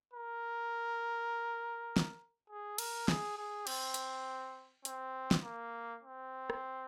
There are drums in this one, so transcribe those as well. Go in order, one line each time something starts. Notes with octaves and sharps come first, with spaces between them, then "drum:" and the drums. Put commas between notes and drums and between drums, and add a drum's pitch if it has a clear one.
A#4
drum: snare
G#4
A#4, drum: cymbal
G#4, drum: snare
G#4
C4, drum: cymbal
drum: hi-hat
C4, drum: hi-hat
drum: snare
A#3
C4
drum: rim click